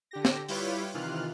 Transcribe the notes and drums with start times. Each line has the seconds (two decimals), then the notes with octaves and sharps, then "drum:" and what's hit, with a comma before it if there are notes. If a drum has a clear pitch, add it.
0.11 D3 G4 A#6
0.25 drum: snare
0.48 G3 E4 F4 G4 B4 C#5, drum: open hi-hat
0.94 C3 D#3 E3 F4 F6 F#6